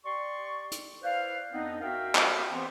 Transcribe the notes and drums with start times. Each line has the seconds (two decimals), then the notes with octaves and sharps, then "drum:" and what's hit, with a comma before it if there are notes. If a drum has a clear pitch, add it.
0.05 G4 D5 C6 C#6
0.71 drum: hi-hat
1.03 E4 B4 C5 D5 F5
1.52 F2 B3 C4 D4 D#4
1.81 F#4 A#4 E5 F5 G5
2.15 drum: clap
2.51 E3 B3 C4